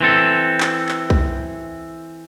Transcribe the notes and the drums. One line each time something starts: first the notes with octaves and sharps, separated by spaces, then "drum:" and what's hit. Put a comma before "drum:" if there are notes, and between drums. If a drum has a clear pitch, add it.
E3 C4 A4
drum: clap
drum: clap
drum: kick B1